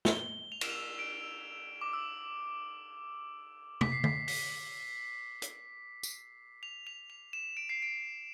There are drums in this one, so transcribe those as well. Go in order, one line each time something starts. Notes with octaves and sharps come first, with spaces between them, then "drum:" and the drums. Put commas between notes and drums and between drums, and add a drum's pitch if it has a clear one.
G7, drum: snare
F7
E7, drum: cymbal
F7
D7
D6
E6
B6, drum: tom
C7
B6, drum: tom D3
B6, drum: open hi-hat
drum: hi-hat
drum: tambourine
F7
F7
F7
E7
D7
C7
D7